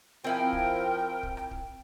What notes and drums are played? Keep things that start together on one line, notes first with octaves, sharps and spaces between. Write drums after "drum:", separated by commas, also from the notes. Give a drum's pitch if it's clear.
F3 C4 E4 A#4 G5 G#5
drum: kick
drum: kick
drum: rim click
drum: kick